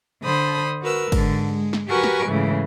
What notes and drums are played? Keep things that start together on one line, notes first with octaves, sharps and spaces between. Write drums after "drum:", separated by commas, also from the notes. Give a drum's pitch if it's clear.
D3 C5 B5 D#6
F#4 A#4 B4 E6
G#2 D3, drum: kick G1, cymbal
G#3
drum: snare
F#4 G4 A#4 B4 G#5 C#6
drum: snare
G#2 C#3 E3 A3